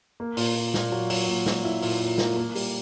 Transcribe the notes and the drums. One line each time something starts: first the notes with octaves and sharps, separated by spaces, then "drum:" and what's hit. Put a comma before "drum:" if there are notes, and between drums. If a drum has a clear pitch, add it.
A#3
A#2, drum: open hi-hat
A#2
A#2, drum: snare
F#3
F#3, drum: open hi-hat
A#2
A#2, drum: snare
E4
A#2, drum: open hi-hat
A#2
A#3, drum: snare
A#3
G3, drum: open hi-hat